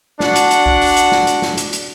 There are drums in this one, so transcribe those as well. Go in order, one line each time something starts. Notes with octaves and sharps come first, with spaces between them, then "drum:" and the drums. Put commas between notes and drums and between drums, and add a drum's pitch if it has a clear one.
D4 F#4 F#5, drum: snare
drum: hi-hat
drum: hi-hat
drum: kick C2
drum: open hi-hat
drum: hi-hat
drum: snare
drum: hi-hat
drum: snare
drum: hi-hat
drum: hi-hat